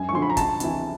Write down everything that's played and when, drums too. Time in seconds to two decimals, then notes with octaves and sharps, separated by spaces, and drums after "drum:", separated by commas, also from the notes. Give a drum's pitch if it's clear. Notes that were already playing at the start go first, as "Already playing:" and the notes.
Already playing: F#2 G#5
0.09 C#6
0.13 D3 F3 C6
0.22 B5
0.30 A#5
0.37 C#2 A5, drum: kick, hi-hat
0.60 C3 E3, drum: hi-hat